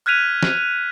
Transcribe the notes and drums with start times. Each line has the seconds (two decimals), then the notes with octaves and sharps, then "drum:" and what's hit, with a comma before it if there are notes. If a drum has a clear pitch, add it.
0.06 F6 F#6 G#6 B6 D#7 F7
0.43 drum: snare